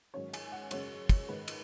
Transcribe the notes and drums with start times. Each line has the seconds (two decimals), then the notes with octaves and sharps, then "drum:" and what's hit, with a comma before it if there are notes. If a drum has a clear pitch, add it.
0.14 G#2 D#3 F#3 C#4 C#5
0.34 G#5, drum: cymbal
0.52 F#5
0.71 F#2 C#3 G#3 C#4 C#5, drum: cymbal
1.09 drum: kick, cymbal
1.29 G#2 D#3 G#3 B4
1.48 drum: cymbal